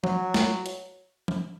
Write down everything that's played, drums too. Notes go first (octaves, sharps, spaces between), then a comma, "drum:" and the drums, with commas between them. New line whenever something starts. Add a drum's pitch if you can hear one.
F#3, drum: tom F3
drum: snare
drum: hi-hat
drum: tom F3